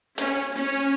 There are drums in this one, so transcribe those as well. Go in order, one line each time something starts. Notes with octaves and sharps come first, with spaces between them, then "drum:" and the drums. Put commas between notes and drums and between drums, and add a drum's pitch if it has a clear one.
C#4, drum: hi-hat
C#4